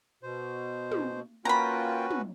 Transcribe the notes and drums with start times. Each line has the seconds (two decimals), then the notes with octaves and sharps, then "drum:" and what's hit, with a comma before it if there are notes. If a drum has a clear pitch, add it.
0.23 B2 C5
0.92 drum: tom
1.45 A#3 C#4 F4 F#4 B4 G5 A#5 B5
2.11 drum: tom